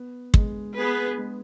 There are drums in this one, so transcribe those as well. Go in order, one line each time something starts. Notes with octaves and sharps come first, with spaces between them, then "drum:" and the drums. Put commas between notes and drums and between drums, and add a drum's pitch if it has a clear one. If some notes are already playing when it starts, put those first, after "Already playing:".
Already playing: B3
G#3, drum: kick
B3 G#4 B4
B3
G#3